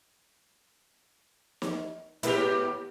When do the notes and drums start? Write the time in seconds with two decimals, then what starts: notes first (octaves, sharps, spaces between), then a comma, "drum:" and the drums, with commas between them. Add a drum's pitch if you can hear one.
1.62 drum: snare
2.23 G#2 B3 E4 G4, drum: hi-hat